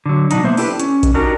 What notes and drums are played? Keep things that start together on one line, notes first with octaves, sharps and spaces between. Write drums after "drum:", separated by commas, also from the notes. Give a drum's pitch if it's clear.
D3 F#3
B2 F#3 D4 D#4, drum: hi-hat
A#3 B3 C5 E5
D4 E4 G4 A4 B4, drum: open hi-hat
C#4, drum: hi-hat
drum: kick A1, hi-hat
D4 D#4 F#4 G4 A#4 D#5